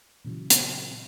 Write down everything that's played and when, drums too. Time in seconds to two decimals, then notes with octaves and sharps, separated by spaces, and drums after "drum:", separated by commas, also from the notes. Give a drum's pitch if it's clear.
0.25 A#2 C#3 E3 F#3
0.50 drum: hi-hat